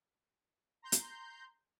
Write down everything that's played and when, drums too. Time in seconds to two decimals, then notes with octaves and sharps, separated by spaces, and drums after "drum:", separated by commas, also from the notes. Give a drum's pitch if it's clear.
0.82 A#5 C6 G6
0.92 drum: hi-hat